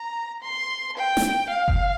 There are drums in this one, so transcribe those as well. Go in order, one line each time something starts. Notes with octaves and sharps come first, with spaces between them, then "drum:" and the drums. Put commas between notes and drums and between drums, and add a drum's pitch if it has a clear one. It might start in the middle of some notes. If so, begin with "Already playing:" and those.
Already playing: A#5
C6
G5
drum: snare
F5
drum: kick F#1